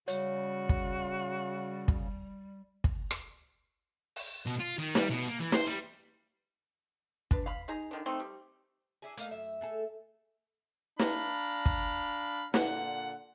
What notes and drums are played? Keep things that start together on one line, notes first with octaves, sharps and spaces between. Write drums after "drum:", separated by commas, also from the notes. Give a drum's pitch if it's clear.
C#3 G3 F#4 C#5, drum: hi-hat
drum: kick
drum: kick
drum: kick
drum: rim click
drum: open hi-hat
B2
F4
D#3
G3, drum: snare
B2
A#3
E3
C5, drum: snare
G3
D4 B4, drum: kick
F5 B5
D#4 G#4 A#5
D3 D#3 D4
A3 C4 D#4
G3
D4 E4 G#4
A3 A#3 D#4 F5, drum: hi-hat
F#2 E5
A3 G#4 A4
D4 F5 A#5 B5, drum: snare
drum: kick
A#2 D3 F#5, drum: snare